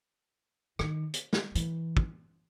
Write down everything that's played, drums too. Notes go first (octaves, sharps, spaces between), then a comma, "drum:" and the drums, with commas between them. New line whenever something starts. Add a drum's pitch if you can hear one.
D#3, drum: rim click
drum: hi-hat
drum: snare
E3, drum: hi-hat
drum: kick